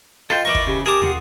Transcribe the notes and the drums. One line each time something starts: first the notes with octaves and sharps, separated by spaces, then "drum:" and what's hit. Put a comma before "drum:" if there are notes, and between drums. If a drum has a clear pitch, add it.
F4 A4 C5 D#5 G5
E3 A#4 D5 C#6
drum: kick
C#3 G4
G4 G#4 A#4 A5 A#5 D6
F4 G#4 F#5, drum: tom